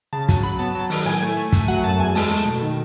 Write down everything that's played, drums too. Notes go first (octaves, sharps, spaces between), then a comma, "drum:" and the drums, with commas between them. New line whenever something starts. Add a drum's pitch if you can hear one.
C#3 A5
F#3, drum: kick, hi-hat
F#3 B5
B3 A5
F#3 A5
D#3, drum: open hi-hat
A2 G#5
A3
A3
A3, drum: kick, hi-hat
G#5
F#3 F#5
F#2 A5
E2 G#5
G#3 A5, drum: open hi-hat
A3
B2
D#3